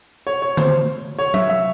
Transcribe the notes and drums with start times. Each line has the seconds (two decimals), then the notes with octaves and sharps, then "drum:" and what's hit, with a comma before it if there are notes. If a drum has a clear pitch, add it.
0.27 C#5
0.42 C#5
0.57 C5, drum: tom D3
1.19 C#5
1.34 E5, drum: tom F#3
1.49 E5